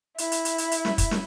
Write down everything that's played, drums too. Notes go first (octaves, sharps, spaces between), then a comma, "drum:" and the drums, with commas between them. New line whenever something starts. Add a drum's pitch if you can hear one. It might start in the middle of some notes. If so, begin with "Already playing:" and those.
E4, drum: hi-hat
drum: hi-hat
drum: hi-hat
drum: hi-hat
drum: hi-hat
drum: snare
drum: kick, hi-hat
drum: snare